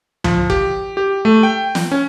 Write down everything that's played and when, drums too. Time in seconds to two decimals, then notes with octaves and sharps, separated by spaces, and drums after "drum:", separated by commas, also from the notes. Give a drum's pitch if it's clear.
0.24 F3, drum: tom C2
0.50 G4, drum: kick
0.97 G4
1.25 A3
1.43 G5
1.75 drum: snare
1.91 C#4